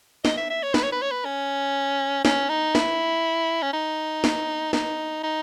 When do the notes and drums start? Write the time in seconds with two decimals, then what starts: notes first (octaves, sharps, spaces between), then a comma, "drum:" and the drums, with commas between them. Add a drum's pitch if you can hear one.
0.25 D#5, drum: snare
0.37 E5
0.50 E5
0.63 C#5
0.74 B4, drum: snare
0.83 C#5
0.92 B4
1.02 C#5
1.11 B4
1.25 C#4
2.25 C#4, drum: snare
2.49 D#4
2.75 E4, drum: snare
3.62 C#4
3.73 D#4
4.24 drum: snare
4.73 D#4, drum: snare
5.23 D#4